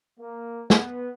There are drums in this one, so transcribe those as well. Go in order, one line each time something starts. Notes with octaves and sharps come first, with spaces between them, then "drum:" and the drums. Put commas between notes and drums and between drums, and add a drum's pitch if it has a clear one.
A#3
B3, drum: snare